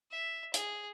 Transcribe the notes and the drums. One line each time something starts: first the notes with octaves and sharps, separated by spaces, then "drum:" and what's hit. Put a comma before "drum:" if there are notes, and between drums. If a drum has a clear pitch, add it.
E5
G#4, drum: hi-hat